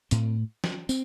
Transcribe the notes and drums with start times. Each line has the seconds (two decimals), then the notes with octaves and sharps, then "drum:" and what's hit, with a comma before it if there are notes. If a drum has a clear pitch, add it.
0.11 A2 C4, drum: hi-hat
0.64 drum: snare
0.89 C4, drum: tambourine